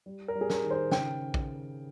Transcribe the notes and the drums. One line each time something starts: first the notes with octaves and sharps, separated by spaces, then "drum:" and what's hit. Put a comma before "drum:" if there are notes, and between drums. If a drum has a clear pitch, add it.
G3
A#4
G3
G#4
A#4, drum: snare
D#3
C5
C#3 G5, drum: snare
drum: kick A#1